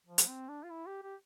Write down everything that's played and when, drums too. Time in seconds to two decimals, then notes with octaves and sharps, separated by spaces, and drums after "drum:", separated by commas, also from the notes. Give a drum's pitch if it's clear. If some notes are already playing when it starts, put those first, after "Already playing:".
0.06 F3
0.18 drum: hi-hat
0.27 C4
0.49 D4
0.64 F4
0.70 E4
0.86 G4
1.03 G4